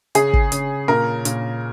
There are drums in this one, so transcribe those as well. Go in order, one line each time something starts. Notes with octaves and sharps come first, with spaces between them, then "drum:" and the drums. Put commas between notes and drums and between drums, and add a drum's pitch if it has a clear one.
C#3 G#4, drum: hi-hat
drum: kick
C#3, drum: hi-hat
A#2 A#4
A#2, drum: hi-hat